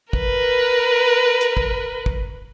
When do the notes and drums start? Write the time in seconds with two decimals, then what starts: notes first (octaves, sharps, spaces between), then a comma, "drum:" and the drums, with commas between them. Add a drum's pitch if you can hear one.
0.13 A#4 B4, drum: kick
1.41 drum: hi-hat
1.57 drum: kick
2.06 drum: kick